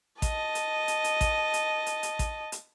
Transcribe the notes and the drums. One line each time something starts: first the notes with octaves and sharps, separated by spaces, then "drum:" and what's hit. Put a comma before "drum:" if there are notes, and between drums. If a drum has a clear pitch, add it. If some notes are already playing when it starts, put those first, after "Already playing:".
D#5 A5, drum: kick A1, hi-hat
drum: hi-hat
drum: hi-hat
drum: hi-hat
drum: kick A1, hi-hat
drum: hi-hat
drum: hi-hat
drum: hi-hat
drum: kick A1, hi-hat
drum: hi-hat